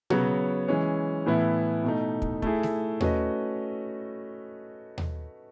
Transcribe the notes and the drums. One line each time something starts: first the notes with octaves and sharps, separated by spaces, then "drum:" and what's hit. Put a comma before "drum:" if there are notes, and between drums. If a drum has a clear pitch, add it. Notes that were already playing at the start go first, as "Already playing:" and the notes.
C#3 F#3 B3 F#4 C#5, drum: tom B2
E3 G#3 C#4
A2 E3 B3 E4
B2 A3 D#4
drum: kick
A3 E4 G#4, drum: kick
drum: snare A3
A3 C#4 F#4 B4 D#5, drum: tom D#2
drum: tom D#2